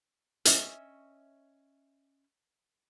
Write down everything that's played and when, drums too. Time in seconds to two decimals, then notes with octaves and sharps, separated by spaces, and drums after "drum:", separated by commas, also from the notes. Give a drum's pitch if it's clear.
0.45 C#4 D#5 E5, drum: hi-hat